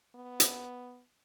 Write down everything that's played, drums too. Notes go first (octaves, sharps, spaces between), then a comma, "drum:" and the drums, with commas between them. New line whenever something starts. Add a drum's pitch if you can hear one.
B3
drum: hi-hat